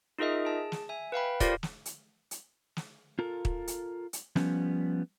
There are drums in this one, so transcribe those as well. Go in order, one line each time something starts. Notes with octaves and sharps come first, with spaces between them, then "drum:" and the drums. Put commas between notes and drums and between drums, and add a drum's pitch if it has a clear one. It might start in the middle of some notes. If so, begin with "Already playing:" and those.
D#4 F4 G#4 A#4 D#5 E5
G#4 A5
drum: snare
E5 G#5
B4 F5 G5 B5
F4 G4 A#4 C5 D5 F5, drum: kick, hi-hat
drum: snare
drum: hi-hat
drum: hi-hat
drum: snare
F4 A4 A#4
drum: kick
drum: hi-hat
drum: hi-hat
F3 G3 B3 C#4, drum: snare